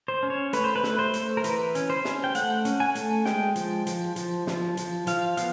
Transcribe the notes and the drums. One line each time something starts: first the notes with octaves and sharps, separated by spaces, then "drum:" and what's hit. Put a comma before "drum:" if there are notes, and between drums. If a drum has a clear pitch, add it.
C5
C#4
C#5
A3 B4, drum: hi-hat
C5
B4
A3, drum: snare
C5
A3, drum: hi-hat
A#4
E3 B4, drum: hi-hat
C#4, drum: hi-hat
C5
C#4, drum: snare
G5
A3 F#5, drum: hi-hat
C#4, drum: hi-hat
G#5
A3, drum: hi-hat
G#3 G5, drum: snare
F3, drum: hi-hat
F3, drum: hi-hat
F3, drum: hi-hat
F3, drum: snare
F3, drum: hi-hat
F3 F5, drum: hi-hat
B3 F5, drum: hi-hat